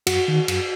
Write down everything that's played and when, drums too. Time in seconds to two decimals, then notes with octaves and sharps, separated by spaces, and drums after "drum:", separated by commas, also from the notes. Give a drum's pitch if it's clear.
0.07 F#2 F#4, drum: cymbal
0.28 D#3
0.48 F#2, drum: cymbal